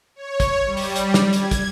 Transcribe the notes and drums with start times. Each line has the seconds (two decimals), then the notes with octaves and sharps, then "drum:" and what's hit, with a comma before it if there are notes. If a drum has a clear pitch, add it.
0.15 C#5
0.40 drum: kick, hi-hat
0.66 G3
0.77 drum: open hi-hat
0.96 drum: hi-hat
1.14 drum: snare
1.33 G#6, drum: hi-hat
1.51 drum: kick, hi-hat